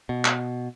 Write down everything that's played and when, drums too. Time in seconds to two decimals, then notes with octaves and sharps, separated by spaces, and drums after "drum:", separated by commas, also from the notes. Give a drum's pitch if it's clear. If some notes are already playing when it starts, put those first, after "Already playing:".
0.09 B2
0.25 drum: clap